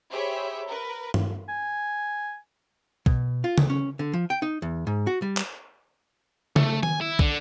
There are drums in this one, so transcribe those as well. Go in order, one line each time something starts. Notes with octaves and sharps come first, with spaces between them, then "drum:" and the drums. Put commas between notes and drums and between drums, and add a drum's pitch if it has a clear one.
G4 G#4 C5 C#5 E5 B5
A#4 B4
drum: tom G2
G#5
B2, drum: kick
F4
D2, drum: tom C#3
C#4
D3
F3
G5
D#4
E2
G#2
F#4
G3
drum: clap
A3, drum: tom C#3
G#5, drum: tom D#3
E4
D3, drum: kick